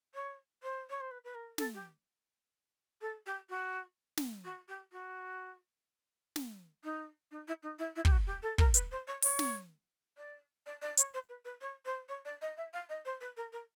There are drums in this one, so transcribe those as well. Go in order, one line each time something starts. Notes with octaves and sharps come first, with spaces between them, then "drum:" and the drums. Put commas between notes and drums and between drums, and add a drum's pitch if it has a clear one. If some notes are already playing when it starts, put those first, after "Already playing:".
C#5
C5
C#5
C5
B4
B4
A#4
A4, drum: snare
G4
A4
G4
F#4
drum: snare
F#4
G4
F#4
drum: snare
D#4
D#4
E4
D#4
E4
E4
G4, drum: kick
F#4
G4
A4
A#4, drum: kick
B4, drum: hi-hat
C5
C#5
C#5, drum: open hi-hat
drum: snare
D5
D5
D5
C#5, drum: hi-hat
C5
B4
B4
C#5
C5
C#5
D5
D#5
E5
F5
D#5
C5
B4
A#4
A#4